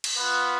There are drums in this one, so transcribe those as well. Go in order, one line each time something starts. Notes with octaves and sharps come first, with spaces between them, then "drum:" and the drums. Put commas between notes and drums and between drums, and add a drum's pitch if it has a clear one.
drum: cymbal
B3 F4 B4